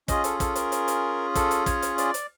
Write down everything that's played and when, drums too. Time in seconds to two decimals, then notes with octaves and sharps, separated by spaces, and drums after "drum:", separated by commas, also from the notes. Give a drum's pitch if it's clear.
0.08 C#4 F4 G#4 D#5, drum: kick, hi-hat
0.24 A4, drum: hi-hat
0.40 A4, drum: kick, hi-hat
0.55 A#4, drum: hi-hat
0.72 drum: hi-hat
0.88 drum: hi-hat
1.35 A4, drum: kick, hi-hat
1.51 drum: hi-hat
1.66 C#5, drum: kick, hi-hat
1.82 drum: hi-hat
1.98 D5, drum: hi-hat
2.14 drum: hi-hat